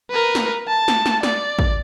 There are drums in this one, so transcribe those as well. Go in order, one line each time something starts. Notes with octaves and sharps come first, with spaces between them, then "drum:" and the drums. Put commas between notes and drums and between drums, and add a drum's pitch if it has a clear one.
A#4 B4
drum: snare
A5
drum: snare
drum: snare
D5, drum: snare
drum: kick A1